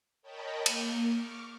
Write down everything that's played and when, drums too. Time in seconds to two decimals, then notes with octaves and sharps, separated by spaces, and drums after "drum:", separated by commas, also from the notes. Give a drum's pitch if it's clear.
0.22 A#4 C#5 D#5 G5 A5 B5
0.66 A#3, drum: cymbal
1.06 C#6 D6 F6